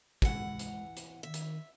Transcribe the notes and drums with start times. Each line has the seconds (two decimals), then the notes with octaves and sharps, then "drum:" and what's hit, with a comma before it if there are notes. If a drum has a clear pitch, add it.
0.22 E3 G#3 F#5, drum: kick
0.59 drum: hi-hat
0.97 drum: hi-hat
1.23 D#3 E5
1.34 drum: hi-hat